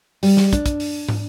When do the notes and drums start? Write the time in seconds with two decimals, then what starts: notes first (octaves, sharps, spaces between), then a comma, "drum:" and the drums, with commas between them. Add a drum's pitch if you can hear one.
0.23 G3, drum: open hi-hat
0.37 drum: snare
0.53 D4, drum: kick, hi-hat
0.66 drum: kick, hi-hat
0.80 drum: open hi-hat
1.08 drum: tom